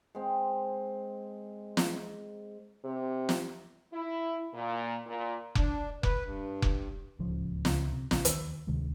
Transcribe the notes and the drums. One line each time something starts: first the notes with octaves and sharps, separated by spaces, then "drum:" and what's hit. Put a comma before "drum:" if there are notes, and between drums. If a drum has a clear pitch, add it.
G#3 C4
drum: snare
C3
drum: snare
E4
A#2
A#2
D4, drum: kick F1
B4, drum: kick F1
G2
drum: kick F1
D1 C#2 C#3 F3
C#2 C#3, drum: snare
C3
A#1 C#3, drum: snare
D#2, drum: hi-hat
D2 C3 D#3 G#3